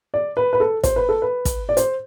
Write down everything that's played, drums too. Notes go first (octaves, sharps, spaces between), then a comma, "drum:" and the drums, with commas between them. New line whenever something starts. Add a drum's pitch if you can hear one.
D5
B4
B4
A4
C5, drum: kick, hi-hat
B4
A4
B4
drum: kick, hi-hat
D5
C5, drum: hi-hat